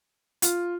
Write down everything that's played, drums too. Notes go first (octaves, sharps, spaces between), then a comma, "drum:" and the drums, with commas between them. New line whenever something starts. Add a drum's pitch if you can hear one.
F4, drum: hi-hat